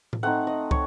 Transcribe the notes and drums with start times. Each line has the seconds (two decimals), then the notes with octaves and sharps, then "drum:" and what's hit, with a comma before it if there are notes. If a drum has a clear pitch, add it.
0.13 drum: tom A2
0.23 A3 C4 D#4 F#5
0.47 D#5
0.71 C#5, drum: kick